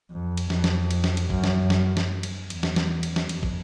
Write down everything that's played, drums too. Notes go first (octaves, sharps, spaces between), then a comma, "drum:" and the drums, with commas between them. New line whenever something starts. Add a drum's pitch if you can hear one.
F2
drum: cymbal
F2, drum: snare
drum: snare
drum: cymbal
drum: snare
drum: cymbal
F#2, drum: kick
drum: snare
drum: snare
drum: snare
drum: cymbal
E2, drum: cymbal
drum: snare
drum: snare
drum: cymbal
drum: snare
F2, drum: cymbal
drum: kick